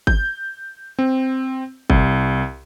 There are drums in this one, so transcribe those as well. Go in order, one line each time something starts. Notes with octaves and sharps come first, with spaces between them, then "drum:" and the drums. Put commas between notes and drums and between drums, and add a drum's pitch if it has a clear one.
G6, drum: kick G1
C4
C2, drum: kick G1